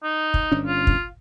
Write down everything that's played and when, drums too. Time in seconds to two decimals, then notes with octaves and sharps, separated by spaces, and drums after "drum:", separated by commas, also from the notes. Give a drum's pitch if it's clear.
0.03 D#4
0.34 drum: kick
0.52 G1 C#4 D4
0.67 F4
0.87 drum: kick